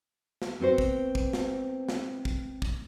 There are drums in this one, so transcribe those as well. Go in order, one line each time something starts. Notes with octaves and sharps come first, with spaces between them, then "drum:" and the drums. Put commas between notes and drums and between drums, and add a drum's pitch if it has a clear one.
drum: snare
B3 C4 F#4 C5
drum: kick
drum: kick
drum: snare
drum: snare
drum: kick
drum: kick